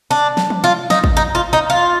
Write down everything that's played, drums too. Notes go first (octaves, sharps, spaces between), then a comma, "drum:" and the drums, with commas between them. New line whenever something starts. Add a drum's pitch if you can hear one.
D4
drum: snare
drum: tom E3
F4
D#4, drum: snare
drum: kick
D#4
F4
D#4
F4